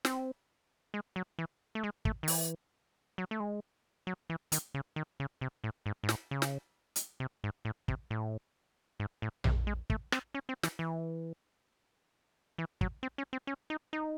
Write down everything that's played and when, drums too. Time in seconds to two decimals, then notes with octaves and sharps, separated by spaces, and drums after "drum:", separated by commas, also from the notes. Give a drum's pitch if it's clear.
0.05 C4, drum: snare
0.94 G#3
1.16 F#3
1.39 E3
1.75 A3
1.84 G#3
2.05 A3, drum: kick
2.23 D#3
2.28 E3, drum: open hi-hat
3.18 F#3
3.31 A3
3.40 G#3
4.07 F#3
4.30 E3
4.52 D#3, drum: hi-hat
4.74 C#3
4.96 D#3
5.20 C#3
5.41 C3
5.64 A2
5.86 G#2
6.04 G#2
6.09 A2, drum: snare
6.31 C#3
6.42 drum: snare
6.96 drum: hi-hat
7.20 C3
7.44 G#2
7.65 A2
7.88 C3, drum: kick
8.10 A2
9.00 G#2
9.22 A2
9.44 C3, drum: tom A#1
9.67 G#3
9.90 A3, drum: kick
10.12 C4, drum: rim click
10.34 C#4
10.49 C4
10.63 E3, drum: snare
10.79 E3
12.58 E3
12.81 F#3, drum: kick
13.03 C4
13.18 C#4
13.33 C4
13.47 C#4
13.70 D#4
13.93 D#4